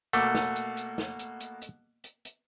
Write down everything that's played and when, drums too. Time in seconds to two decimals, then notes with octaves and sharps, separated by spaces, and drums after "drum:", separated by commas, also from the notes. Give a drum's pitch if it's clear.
0.13 B2 A3 A#3 F#5 D6, drum: hi-hat
0.35 drum: snare
0.56 drum: hi-hat
0.77 drum: hi-hat
0.98 drum: snare
1.19 drum: hi-hat
1.40 drum: hi-hat
1.62 drum: hi-hat
2.04 drum: hi-hat
2.25 drum: hi-hat